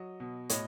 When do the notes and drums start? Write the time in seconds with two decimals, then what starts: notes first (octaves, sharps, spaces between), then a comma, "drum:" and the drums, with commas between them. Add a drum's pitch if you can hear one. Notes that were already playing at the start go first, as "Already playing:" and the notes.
Already playing: F#3 D#5
0.20 B2
0.49 A2 C#5 D#5, drum: hi-hat